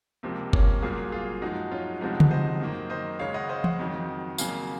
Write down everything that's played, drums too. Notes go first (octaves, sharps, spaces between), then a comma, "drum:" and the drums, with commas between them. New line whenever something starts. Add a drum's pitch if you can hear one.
C#2 C3 F3 A#3
A#3 C#4, drum: kick G1
C2 A#2 F#3 A#3 F4 G#4
F4 G#4
F#2 F3 G#3 D#4 F#4
C#4 F4
C2 C3 F3 G#3 D#4 F#4
drum: tom C#3
C5 D#5
F#2 D#3 A#3
C5 D#5
C#2 C#3 G#3 C#5 F5
D#5 F#5
C5 D#5
D#5 F#5, drum: tom E3
F2 D#3 F#3
F2 C#3 F#3 A#3 F5 G#5, drum: tambourine